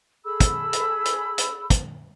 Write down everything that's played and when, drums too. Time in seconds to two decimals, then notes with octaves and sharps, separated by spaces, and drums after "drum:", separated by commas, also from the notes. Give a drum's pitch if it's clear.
0.24 G#4 A4 B5 E6
0.40 drum: kick, hi-hat
0.73 drum: hi-hat
1.05 drum: hi-hat
1.38 drum: hi-hat
1.70 drum: kick, hi-hat